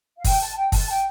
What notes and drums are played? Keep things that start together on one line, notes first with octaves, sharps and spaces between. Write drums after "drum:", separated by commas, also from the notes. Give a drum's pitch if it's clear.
F5
G5, drum: kick, open hi-hat
A5
G5
A5, drum: kick, open hi-hat
G5